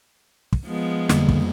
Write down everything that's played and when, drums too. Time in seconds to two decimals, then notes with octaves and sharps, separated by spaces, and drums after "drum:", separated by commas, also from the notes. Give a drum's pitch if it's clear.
0.53 drum: kick
0.65 F3 G#3 B3
1.09 F2 D3 G3 A#3, drum: snare
1.28 drum: kick